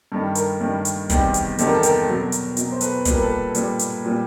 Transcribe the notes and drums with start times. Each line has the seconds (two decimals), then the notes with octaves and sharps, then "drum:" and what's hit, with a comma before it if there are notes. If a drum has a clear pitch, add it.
0.12 G2 D#3 G3 A4
0.35 A#4, drum: hi-hat
0.60 G2 D#3 G3
0.85 drum: hi-hat
1.10 E2 C3 D#3 G3, drum: kick, hi-hat
1.34 drum: hi-hat
1.59 E2 C3 D#3 G3 A4, drum: hi-hat
1.67 A#4
1.74 A4
1.83 A#4, drum: hi-hat
2.07 B2 F#3
2.32 drum: hi-hat
2.57 B2 F#3, drum: hi-hat
2.72 C5
2.81 A4 B4, drum: hi-hat
3.05 A#2 G3 B4, drum: kick, hi-hat
3.14 A#4
3.22 A4 B4
3.55 A#2 G3, drum: hi-hat
3.80 drum: hi-hat
4.05 A#2 G3